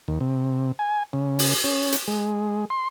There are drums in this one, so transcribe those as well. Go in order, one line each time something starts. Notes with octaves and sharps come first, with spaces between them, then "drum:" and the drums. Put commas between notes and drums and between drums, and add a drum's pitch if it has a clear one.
D#2
C3
G#5
C#3
drum: open hi-hat
C#4
drum: hi-hat
G#3
C6